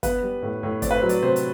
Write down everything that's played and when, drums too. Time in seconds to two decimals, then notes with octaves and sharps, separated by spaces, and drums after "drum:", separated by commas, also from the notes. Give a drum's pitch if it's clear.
0.03 B3 B4, drum: kick, hi-hat
0.22 G3
0.42 A2
0.63 A2
0.82 C4 D5, drum: kick, hi-hat
0.91 B4
0.96 C5
1.02 F#3
1.09 D5, drum: hi-hat
1.22 C3 C5
1.36 drum: hi-hat